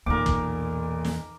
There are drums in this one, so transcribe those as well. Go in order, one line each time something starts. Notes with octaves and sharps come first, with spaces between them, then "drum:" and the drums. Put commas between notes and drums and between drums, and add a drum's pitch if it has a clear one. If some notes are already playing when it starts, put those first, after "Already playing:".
B1 E2 A#2 A#4 D6
drum: kick
drum: snare